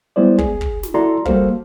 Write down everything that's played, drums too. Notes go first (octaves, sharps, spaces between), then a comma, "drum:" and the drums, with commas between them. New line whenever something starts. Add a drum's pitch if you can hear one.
G3 G#3 B3 E4 C5 D5
G#4, drum: kick
drum: kick
drum: snare
E4 F#4 A4 D5 A#5 C6
G3 A#3 F#4 A4 C5 F5, drum: kick